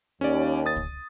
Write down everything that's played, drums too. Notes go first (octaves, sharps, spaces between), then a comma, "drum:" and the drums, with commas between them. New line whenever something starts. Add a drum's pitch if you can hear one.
D#2 C#4 D5
D#6 A6
drum: kick